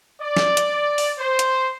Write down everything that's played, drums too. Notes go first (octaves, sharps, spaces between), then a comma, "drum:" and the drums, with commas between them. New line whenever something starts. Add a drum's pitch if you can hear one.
D5
drum: snare
drum: hi-hat
drum: open hi-hat
C5
drum: hi-hat